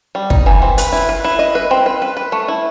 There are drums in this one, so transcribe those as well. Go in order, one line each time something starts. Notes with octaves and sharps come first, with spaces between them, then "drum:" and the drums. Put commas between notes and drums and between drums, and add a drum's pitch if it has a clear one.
G3
D#4, drum: kick
E3
C4
B4, drum: hi-hat
E4
B4
E4
D#5
B4
C4
B4
B4
B4
A3
E4